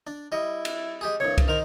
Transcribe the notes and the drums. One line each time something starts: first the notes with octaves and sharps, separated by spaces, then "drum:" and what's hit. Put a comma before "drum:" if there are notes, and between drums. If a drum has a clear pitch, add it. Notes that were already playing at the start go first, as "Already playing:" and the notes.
D4
G3 E4 D#5
drum: cymbal
G#3 G4 G#4
C2 G2 C#5
drum: kick C2, cymbal
D#3 A#4 C5